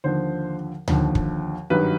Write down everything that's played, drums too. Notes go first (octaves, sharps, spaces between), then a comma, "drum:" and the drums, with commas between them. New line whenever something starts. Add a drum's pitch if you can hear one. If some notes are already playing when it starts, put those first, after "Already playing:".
D#2 D3 F3 C5
D#2 D3 F3, drum: tom D2
drum: kick
G#1 G2 D#3 F#3 B4